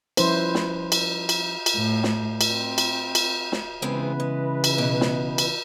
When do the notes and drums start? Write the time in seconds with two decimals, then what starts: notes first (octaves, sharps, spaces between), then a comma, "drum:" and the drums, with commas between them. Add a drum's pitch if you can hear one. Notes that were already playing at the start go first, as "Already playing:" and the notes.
0.17 F3 G3 C#4 E4 B4 C5, drum: cymbal
0.55 drum: snare
0.92 drum: cymbal
1.29 drum: cymbal
1.66 drum: cymbal
1.76 A2
2.03 drum: snare
2.41 drum: cymbal
2.51 C4
2.78 drum: cymbal
3.15 drum: cymbal
3.52 drum: snare
3.82 C#3 E3 G#3 B3 C4 B4
4.20 G#3
4.64 drum: cymbal
4.78 B2 G#4
5.01 drum: snare
5.38 drum: cymbal